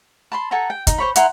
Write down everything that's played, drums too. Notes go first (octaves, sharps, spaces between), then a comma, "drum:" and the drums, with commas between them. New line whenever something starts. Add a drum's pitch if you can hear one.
A5 B5 C6
A4 F#5 G#5 A#5
G5
D#4, drum: kick, hi-hat
C5 C#5 B5
E4 F#5 A#5 C6, drum: hi-hat